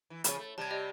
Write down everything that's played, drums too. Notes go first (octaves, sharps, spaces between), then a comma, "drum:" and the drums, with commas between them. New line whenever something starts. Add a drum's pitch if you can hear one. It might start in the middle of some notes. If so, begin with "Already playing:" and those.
E3
C#3 F3 C#4, drum: hi-hat
A3
C3 G3 A5 G#6
G4 D5 D#5